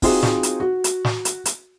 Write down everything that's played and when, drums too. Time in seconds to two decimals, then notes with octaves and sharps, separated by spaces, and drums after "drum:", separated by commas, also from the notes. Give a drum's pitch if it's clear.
0.02 C4 D#4 F4 F#4 G#4 C5, drum: kick, open hi-hat
0.23 drum: snare
0.43 drum: hi-hat
0.60 F#4
0.84 drum: hi-hat
1.05 drum: snare
1.25 drum: hi-hat
1.45 drum: hi-hat